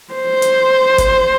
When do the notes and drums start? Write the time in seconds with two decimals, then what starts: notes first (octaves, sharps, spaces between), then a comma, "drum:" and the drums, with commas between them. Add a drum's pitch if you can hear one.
0.14 C5
0.42 drum: hi-hat
0.98 drum: kick F#1, hi-hat